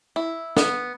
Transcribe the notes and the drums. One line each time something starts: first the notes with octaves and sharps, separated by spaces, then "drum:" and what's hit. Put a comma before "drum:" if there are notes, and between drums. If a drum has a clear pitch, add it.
E4
B3, drum: snare